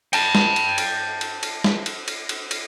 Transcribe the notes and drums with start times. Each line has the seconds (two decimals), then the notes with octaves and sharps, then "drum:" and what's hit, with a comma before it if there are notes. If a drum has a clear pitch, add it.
0.13 G5 A5, drum: cymbal
0.35 drum: snare
0.56 drum: cymbal
0.78 drum: cymbal
1.21 drum: cymbal
1.43 drum: cymbal
1.64 drum: snare
1.86 drum: cymbal
2.08 drum: cymbal
2.29 drum: cymbal
2.51 drum: cymbal